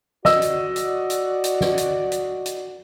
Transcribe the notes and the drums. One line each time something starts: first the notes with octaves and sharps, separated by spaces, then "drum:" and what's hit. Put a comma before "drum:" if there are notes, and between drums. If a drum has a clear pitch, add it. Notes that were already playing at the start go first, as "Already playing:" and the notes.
F#4 D5 D#5 E6, drum: snare
drum: hi-hat
drum: hi-hat
drum: hi-hat
drum: hi-hat
drum: snare
drum: hi-hat
drum: hi-hat
drum: hi-hat